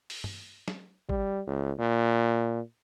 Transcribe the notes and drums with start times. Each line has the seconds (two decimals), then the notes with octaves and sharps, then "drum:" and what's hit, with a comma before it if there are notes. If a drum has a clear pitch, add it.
0.10 drum: open hi-hat
0.24 drum: tom
0.68 drum: snare
1.09 G3, drum: kick
1.47 C#2
1.79 A#2